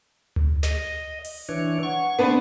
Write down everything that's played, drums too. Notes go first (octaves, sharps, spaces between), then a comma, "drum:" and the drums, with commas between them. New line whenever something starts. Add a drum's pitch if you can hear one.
drum: tom D2
D#5, drum: snare
drum: open hi-hat
E3 D4 C#5
F#5 C#6
B3 C4 D4 B4